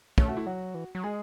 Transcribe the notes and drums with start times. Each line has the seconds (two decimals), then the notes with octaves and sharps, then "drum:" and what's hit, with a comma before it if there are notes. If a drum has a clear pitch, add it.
0.18 A3 C#4, drum: kick
0.28 F#4
0.37 E4
0.46 F#3 F#4
0.74 E3
0.95 F#3
1.04 G#3 G#4